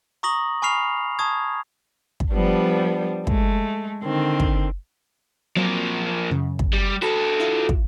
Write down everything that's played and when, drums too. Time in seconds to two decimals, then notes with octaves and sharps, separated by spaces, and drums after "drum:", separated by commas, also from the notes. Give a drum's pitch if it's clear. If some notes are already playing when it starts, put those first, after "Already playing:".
0.23 A#5 C#6 D#6 A#6 F#7
0.62 G#5 B5 C#6 F6 C7 F7
1.19 A5 C#6 D#6 G#6
2.20 drum: kick
2.33 F3 G3 B3 D4
3.27 G#3 A3, drum: kick
4.03 D3 D#3 C4
4.40 drum: kick
5.57 F3 F#3 A#3 C4
6.31 F#2 C#3
6.59 drum: kick
6.73 G3
7.02 F#4 A4 B5
7.40 E4 F4
7.69 drum: kick